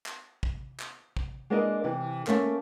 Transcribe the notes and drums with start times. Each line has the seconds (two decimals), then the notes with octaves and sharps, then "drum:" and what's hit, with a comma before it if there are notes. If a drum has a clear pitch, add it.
0.06 drum: clap
0.43 drum: kick
0.80 drum: clap
1.17 drum: kick
1.50 G#3 A#3 D4 E4 A#4 D#5
1.84 C3 E3
2.27 A3 A#3 C#4 A4 C#5 E5, drum: clap